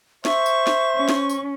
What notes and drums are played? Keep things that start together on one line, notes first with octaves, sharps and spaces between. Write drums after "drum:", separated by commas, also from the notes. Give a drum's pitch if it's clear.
C5 E5 C#6, drum: snare
drum: tambourine
drum: snare
C#4
drum: snare
drum: tambourine